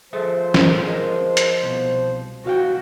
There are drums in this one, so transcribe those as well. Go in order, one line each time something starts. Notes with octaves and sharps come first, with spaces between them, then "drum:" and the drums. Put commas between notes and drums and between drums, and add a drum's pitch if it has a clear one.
F3 G#4 A4 C5 E5
drum: snare
G#4 A#4 D#5
drum: hi-hat
C2 B2
C2 F#4 F5 G5